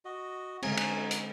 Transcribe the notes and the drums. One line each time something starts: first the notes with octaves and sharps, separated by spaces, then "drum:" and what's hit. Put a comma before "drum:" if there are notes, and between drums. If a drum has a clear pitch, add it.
F#4 D#5
D3 G#3 C4 C#4 D#4 G#4, drum: cymbal
drum: cymbal
drum: hi-hat